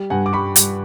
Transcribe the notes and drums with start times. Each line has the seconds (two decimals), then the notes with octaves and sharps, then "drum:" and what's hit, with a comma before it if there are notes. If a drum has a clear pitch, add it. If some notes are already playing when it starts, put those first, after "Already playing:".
Already playing: G3
0.10 G2 F#5 G#5
0.26 D6
0.32 G3 B5 C#6
0.56 G3, drum: hi-hat